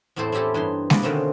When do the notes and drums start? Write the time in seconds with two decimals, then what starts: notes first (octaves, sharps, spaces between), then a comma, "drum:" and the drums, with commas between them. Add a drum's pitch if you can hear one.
0.16 E2 A2 C4 E4 A4 C5
0.32 C4 C#4 E4 G4 A4
0.54 G2 E3 D#4 C6
0.90 F4 F#4 G#4 B4 D5 D#5, drum: snare G#3
1.02 B2 D3 D#3 A3 C4 C#4